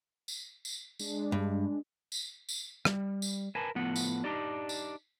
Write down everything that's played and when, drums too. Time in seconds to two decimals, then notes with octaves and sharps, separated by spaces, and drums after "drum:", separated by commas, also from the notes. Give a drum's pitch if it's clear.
0.28 drum: tambourine
0.65 drum: tambourine
0.99 G#3 D4, drum: tambourine
1.32 G2
2.12 drum: tambourine
2.49 drum: tambourine
2.85 G3, drum: rim click
3.22 drum: tambourine
3.55 A#4 B4 G#5 A5
3.75 A2 F3 B3 F#5
3.96 drum: tambourine
4.24 D4 D#4 G4 D5
4.69 drum: tambourine